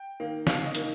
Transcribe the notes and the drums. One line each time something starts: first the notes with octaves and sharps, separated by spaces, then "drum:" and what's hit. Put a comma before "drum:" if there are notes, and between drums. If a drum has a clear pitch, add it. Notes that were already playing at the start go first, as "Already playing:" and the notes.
Already playing: G5
D#3 A#3
D#2 F5, drum: snare
D#5
D#3 A#3, drum: hi-hat